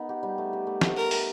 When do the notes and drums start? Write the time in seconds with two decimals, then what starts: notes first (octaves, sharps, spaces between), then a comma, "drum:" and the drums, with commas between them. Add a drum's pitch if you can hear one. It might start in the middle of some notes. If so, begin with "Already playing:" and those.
Already playing: B3 D#4
0.09 G4
0.23 G3
0.38 A3
0.53 G4
0.67 A3
0.81 A3, drum: snare
0.96 G4 A#4
1.11 A3, drum: open hi-hat